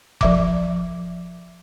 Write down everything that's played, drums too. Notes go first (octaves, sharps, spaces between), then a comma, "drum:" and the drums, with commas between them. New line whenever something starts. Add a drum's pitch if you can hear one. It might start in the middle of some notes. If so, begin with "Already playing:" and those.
F3 E5 D6, drum: kick F1